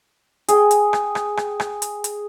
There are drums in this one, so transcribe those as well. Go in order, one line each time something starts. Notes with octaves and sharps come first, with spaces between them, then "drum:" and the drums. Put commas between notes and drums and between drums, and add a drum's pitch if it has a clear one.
G#4 G5, drum: hi-hat
drum: hi-hat
drum: rim click
drum: rim click
drum: rim click
drum: rim click
drum: hi-hat
drum: hi-hat